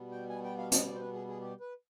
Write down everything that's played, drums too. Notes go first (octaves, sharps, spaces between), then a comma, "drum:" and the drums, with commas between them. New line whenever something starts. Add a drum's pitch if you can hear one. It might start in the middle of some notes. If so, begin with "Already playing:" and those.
Already playing: B2 G3 B3
G5
G#5
G5
F5
D#5, drum: hi-hat
D5
C5
B4
G#4
G#4
G4
B4